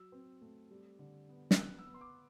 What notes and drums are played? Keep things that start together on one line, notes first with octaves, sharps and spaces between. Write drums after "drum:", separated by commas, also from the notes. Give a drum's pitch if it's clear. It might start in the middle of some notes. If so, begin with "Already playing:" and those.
Already playing: F#3 E6
C4
A3
G3
D3
B3
E6, drum: snare
B3 F#6
E6
B3
C6
D6